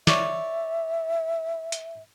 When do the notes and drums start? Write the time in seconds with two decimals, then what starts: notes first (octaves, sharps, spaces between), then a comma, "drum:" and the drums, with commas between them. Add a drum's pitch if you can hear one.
0.07 C#5 D5 E5, drum: snare
1.72 drum: hi-hat